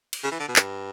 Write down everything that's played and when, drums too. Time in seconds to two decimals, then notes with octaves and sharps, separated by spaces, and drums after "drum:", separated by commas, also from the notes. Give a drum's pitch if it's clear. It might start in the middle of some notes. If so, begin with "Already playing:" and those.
0.13 drum: cymbal
0.24 C#3
0.31 E3
0.40 D3
0.48 B2
0.56 G2, drum: clap